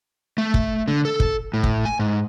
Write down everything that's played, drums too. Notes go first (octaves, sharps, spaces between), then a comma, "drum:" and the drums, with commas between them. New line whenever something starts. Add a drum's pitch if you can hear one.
A3
drum: kick
D3
A4
drum: kick
A2
drum: kick
G#5
G#2